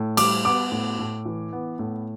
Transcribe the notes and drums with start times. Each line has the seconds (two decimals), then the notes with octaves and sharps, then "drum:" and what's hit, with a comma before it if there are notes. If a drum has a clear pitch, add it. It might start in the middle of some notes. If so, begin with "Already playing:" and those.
Already playing: A2
0.17 G3 D6, drum: cymbal
0.45 B3 D6
0.72 A2
0.99 A2
1.26 E3
1.53 B3
1.79 A2